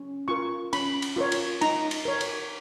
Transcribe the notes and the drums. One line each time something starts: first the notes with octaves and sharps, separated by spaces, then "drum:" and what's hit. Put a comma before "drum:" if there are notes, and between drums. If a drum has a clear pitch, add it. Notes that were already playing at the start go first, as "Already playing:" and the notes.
Already playing: C#4
F4 A#4 C#6
C#4 B5, drum: cymbal
drum: cymbal
F4 A#4 C#5
drum: cymbal
D#4 A#5, drum: cymbal
drum: cymbal
A#4 C#5
drum: cymbal